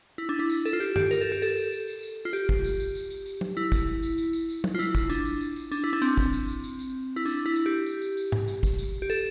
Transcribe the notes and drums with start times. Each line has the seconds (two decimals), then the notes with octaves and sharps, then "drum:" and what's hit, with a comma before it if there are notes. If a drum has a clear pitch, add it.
0.18 E4
0.29 D4
0.39 E4
0.50 drum: tambourine
0.65 A4, drum: tambourine
0.73 F4
0.80 G4, drum: tambourine
0.96 G4, drum: tom
1.11 A#4, drum: tambourine
1.21 A4
1.32 G4
1.42 A4, drum: tambourine
1.57 drum: tambourine
1.72 drum: tambourine
1.88 drum: tambourine
2.03 drum: tambourine
2.25 F4
2.33 G4, drum: tambourine
2.49 drum: kick
2.64 drum: tambourine
2.80 drum: tambourine
2.95 drum: tambourine
3.10 drum: tambourine
3.26 drum: tambourine
3.41 drum: tom
3.57 E4
3.72 drum: kick, tambourine
4.03 drum: tambourine
4.18 drum: tambourine
4.33 drum: tambourine
4.49 drum: tambourine
4.64 drum: tom
4.75 F4
4.79 E4, drum: tambourine
4.95 drum: kick, tambourine
5.10 D4, drum: tambourine
5.25 drum: tambourine
5.41 drum: tambourine
5.56 drum: tambourine
5.71 D4, drum: tambourine
5.84 E4
5.93 D4
6.02 C4, drum: tambourine
6.17 drum: kick, tambourine
6.33 drum: tambourine
6.48 drum: tambourine
6.64 drum: tambourine
6.79 drum: tambourine
7.16 E4
7.26 D4, drum: tambourine
7.46 E4
7.56 drum: tambourine
7.66 G4
7.86 drum: tambourine
8.02 drum: tambourine
8.17 drum: tambourine
8.32 drum: tom
8.48 drum: tambourine
8.63 drum: kick, tambourine
8.78 drum: tambourine
9.02 G4
9.10 A4, drum: tambourine